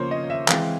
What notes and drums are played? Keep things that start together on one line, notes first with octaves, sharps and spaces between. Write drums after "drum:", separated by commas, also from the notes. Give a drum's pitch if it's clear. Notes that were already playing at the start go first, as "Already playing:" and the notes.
Already playing: C#3 F3 A#3 C5 C#5
D#5
E5
E3 G#3 C4 F5, drum: clap